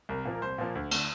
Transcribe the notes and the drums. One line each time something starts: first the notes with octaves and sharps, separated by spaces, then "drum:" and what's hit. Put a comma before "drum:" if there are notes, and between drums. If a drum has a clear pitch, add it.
C2 A#4
A#2 F3 A#3
A#4
C2 C5
A#2 F3 A#3
D2
D3 A3, drum: cymbal